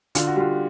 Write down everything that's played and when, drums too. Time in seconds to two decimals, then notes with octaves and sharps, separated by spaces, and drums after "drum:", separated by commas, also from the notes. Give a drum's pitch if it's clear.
0.15 D3 F4, drum: hi-hat
0.27 F#4
0.36 G3 F4